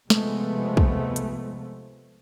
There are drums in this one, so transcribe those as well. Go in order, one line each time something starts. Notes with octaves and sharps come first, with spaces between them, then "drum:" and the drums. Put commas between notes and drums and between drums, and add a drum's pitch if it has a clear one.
C3 F3 G#3 A3 B3, drum: snare
drum: kick
drum: hi-hat